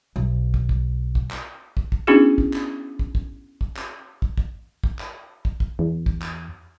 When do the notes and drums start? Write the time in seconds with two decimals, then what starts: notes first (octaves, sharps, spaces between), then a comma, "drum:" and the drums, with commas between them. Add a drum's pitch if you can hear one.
0.16 B1
0.54 drum: kick
0.69 drum: kick
1.15 drum: kick
1.31 drum: clap
1.77 drum: kick
1.92 drum: kick
2.07 B3 C#4 D4 E4 F#4 G#4
2.38 drum: kick
2.53 drum: clap
2.99 drum: kick
3.15 drum: kick
3.61 drum: kick
3.76 drum: clap
4.22 drum: kick
4.38 drum: kick
4.84 drum: kick
4.99 drum: clap
5.45 drum: kick
5.60 drum: kick
5.79 E2
6.06 drum: kick
6.22 drum: clap